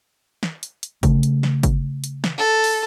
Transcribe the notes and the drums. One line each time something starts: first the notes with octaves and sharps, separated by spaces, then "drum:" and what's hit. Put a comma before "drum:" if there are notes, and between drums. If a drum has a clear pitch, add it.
drum: snare
drum: hi-hat
drum: hi-hat
C#3 A3, drum: kick G1, hi-hat
drum: hi-hat
drum: snare
drum: kick G1, hi-hat
drum: hi-hat
drum: snare
A4
drum: open hi-hat